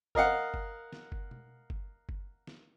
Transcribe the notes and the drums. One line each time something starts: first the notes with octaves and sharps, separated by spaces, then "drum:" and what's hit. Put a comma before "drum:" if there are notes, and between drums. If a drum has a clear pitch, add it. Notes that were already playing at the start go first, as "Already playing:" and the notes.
A#4 D#5 F5 F#5, drum: kick G1
drum: kick G1
drum: snare
drum: kick G1
drum: tom B2
drum: kick G1
drum: kick G1
drum: snare